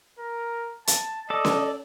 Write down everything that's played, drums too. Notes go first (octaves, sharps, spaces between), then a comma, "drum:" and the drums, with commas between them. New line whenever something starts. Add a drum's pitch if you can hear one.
A#4
A5, drum: hi-hat
A4 D5 D#5
drum: snare C#4